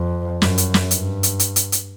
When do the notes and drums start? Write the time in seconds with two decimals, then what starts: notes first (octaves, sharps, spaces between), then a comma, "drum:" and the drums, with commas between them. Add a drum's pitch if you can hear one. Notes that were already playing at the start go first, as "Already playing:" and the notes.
Already playing: F2
0.42 F#2, drum: snare
0.58 drum: hi-hat
0.74 drum: snare
0.91 G2, drum: hi-hat
1.23 drum: hi-hat
1.39 drum: hi-hat
1.56 drum: hi-hat
1.72 drum: hi-hat